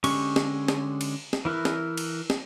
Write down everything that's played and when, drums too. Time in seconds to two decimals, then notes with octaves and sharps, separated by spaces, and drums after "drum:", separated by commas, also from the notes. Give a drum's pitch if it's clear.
0.04 D3 G#3 C#4 G4 C#6, drum: cymbal
0.36 drum: snare
0.68 drum: snare
1.01 drum: cymbal
1.33 drum: snare
1.45 E3 E4 A#4 B4
1.65 drum: snare
1.97 drum: cymbal
2.30 drum: snare